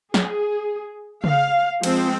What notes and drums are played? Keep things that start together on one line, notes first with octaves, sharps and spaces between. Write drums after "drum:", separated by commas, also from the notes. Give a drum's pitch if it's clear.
G#4, drum: snare
F5, drum: tom C#3
F3 G#3 C4, drum: cymbal